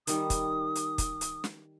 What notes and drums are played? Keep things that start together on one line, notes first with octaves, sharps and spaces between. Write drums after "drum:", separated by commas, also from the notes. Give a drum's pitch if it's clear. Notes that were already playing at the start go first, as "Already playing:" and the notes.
D#3 G3 D#6, drum: hi-hat
drum: kick, hi-hat
drum: hi-hat
drum: kick, hi-hat
drum: hi-hat
drum: snare